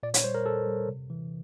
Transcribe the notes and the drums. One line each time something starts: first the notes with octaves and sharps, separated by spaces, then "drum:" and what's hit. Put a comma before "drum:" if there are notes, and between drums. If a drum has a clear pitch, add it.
A#2 D5
C#5, drum: hi-hat
G3 C5
A#4
A#2 A4
G3
C3
E3